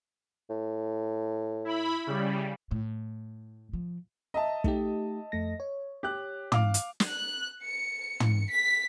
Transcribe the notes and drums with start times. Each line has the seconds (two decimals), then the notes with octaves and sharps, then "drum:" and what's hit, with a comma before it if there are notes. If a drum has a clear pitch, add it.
0.50 A2
1.65 E4 B5
2.07 C#3 G3
2.71 A2
3.73 F3
4.34 D#5 E5 A5 A#5
4.64 A3 D#4 G4, drum: kick
5.32 F2 A3 A#6
5.60 C#5
6.03 G4 F#6
6.52 F5 D6, drum: tom
6.74 drum: hi-hat
7.00 drum: snare
7.12 F#6
7.63 C#7
8.20 drum: tom
8.52 B6